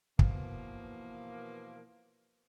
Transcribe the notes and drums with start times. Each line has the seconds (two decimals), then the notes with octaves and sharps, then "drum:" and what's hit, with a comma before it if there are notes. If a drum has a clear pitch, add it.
0.19 B2 E3 F3 A#3, drum: kick